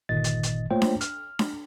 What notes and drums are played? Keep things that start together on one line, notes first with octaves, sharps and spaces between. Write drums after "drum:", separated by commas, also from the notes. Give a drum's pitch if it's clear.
G1 A#2 D#3 D#5 A6
drum: hi-hat
drum: hi-hat
A3 A#3 F4 C5 C#5 G5
drum: snare D4
F6, drum: hi-hat
drum: snare D4